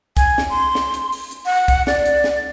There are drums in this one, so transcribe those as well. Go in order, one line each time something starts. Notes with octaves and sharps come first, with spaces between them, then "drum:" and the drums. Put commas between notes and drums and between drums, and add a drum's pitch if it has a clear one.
G#5, drum: kick, hi-hat
drum: snare
C6
drum: snare
drum: hi-hat
drum: open hi-hat
drum: hi-hat
F#5
drum: kick, hi-hat
D5, drum: snare
drum: hi-hat
drum: snare